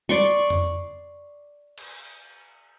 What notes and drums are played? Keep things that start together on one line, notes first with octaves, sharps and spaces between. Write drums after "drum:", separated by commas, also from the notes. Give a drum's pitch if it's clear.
D5 C6 C#6, drum: tom G3
drum: tom F2
drum: cymbal